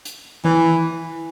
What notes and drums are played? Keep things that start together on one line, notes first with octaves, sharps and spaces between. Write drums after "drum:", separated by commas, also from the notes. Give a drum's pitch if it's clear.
drum: hi-hat
E3, drum: tom D#3